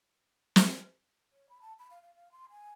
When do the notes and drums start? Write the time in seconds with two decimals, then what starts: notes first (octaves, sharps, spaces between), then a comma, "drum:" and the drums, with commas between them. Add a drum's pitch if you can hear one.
0.56 drum: snare
1.32 C#5
1.49 B5
1.61 A5
1.79 B5
1.90 F5
2.02 F5
2.16 F5
2.32 C6
2.50 G#5